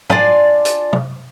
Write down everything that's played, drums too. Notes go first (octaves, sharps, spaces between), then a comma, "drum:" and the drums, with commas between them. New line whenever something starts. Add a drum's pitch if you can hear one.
D4 F4 D5 G#5, drum: tom
drum: hi-hat
drum: tom